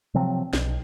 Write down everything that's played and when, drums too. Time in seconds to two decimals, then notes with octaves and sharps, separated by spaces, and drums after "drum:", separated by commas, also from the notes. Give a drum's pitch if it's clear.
0.14 C3 F3 F#3 C4
0.53 B1, drum: snare